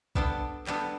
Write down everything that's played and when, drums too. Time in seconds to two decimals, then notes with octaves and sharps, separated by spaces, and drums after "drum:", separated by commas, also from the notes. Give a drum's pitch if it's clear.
0.15 G3 B3 D4 A4, drum: kick
0.67 G3 B3 D4 A4, drum: clap